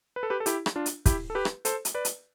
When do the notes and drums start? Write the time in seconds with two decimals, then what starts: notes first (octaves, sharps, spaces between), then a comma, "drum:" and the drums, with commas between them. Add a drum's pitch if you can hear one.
0.16 B4
0.23 A4
0.30 G4 B4
0.40 A4
0.46 E4 G4, drum: hi-hat
0.66 drum: rim click
0.76 D4 F4
0.86 drum: hi-hat
1.06 E4 G4, drum: kick, hi-hat
1.30 A4
1.35 G4 B4
1.45 drum: rim click
1.65 A4 C5, drum: hi-hat
1.85 drum: hi-hat
1.94 B4 D5
2.05 drum: hi-hat